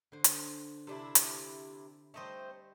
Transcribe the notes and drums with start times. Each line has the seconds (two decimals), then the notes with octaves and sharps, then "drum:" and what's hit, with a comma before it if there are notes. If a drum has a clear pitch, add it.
0.12 D3 C5
0.24 drum: hi-hat
0.87 C3 D4 E4 A4
1.15 D5, drum: hi-hat
2.14 G3 A3 C4 C5 D#5 A5